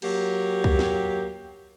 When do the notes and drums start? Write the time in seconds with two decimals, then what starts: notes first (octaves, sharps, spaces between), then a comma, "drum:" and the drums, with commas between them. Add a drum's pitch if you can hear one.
0.02 F#3 A#3 G4, drum: cymbal
0.64 drum: kick
0.79 drum: snare